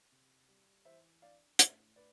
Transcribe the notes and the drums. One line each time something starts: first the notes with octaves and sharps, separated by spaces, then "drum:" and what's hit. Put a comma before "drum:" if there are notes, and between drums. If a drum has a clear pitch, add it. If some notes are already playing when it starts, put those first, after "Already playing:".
C3
G3
E3 C5 E5
D4 D5 F5
A2 C5 E5, drum: hi-hat
D4 B4 D5